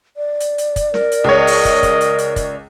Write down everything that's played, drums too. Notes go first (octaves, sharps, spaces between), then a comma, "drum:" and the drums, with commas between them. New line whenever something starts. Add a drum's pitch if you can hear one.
D5
drum: hi-hat
drum: hi-hat
drum: kick, hi-hat
A#4, drum: snare
drum: hi-hat
C#2 C#5 D#5
drum: open hi-hat
drum: kick, hi-hat
drum: kick, hi-hat
drum: hi-hat
drum: hi-hat
drum: kick, hi-hat